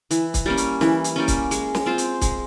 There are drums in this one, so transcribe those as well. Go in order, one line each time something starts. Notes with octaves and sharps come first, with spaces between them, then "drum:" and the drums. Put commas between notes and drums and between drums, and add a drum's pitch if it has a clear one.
E3, drum: hi-hat
drum: kick C#1, hi-hat
G3 A#3 C#4
drum: hi-hat
E3, drum: snare
drum: hi-hat
G3 A#3 C#4
drum: kick C#1, hi-hat
G#3, drum: hi-hat
drum: snare
C4 F4 C5
drum: hi-hat
G#3, drum: kick C#1, hi-hat